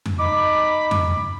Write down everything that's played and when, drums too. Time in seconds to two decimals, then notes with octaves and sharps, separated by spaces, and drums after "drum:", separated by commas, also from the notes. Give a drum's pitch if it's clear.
0.06 drum: tom F2
0.19 D#4 B5 D6
0.91 drum: tom F2